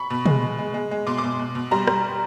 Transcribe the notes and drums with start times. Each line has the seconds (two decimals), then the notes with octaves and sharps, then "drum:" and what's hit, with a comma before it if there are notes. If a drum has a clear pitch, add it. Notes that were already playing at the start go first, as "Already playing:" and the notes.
Already playing: B5 C#6
0.10 B2
0.26 G#3, drum: tom
0.42 G#3
0.58 G#3
0.74 G#3
0.91 G#3
1.07 B2 C6 D6
1.17 C6 D6
1.24 B2
1.39 B2
1.55 B2
1.71 G3 A#5 C6
1.87 G3, drum: rim click